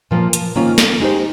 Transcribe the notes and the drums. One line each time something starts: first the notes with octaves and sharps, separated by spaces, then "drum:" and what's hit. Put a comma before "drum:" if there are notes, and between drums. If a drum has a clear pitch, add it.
A#2 F3 A#3
drum: hi-hat
G#2 D#3 A#3 C#4 F4
drum: snare
G#3 D#4 G4 C5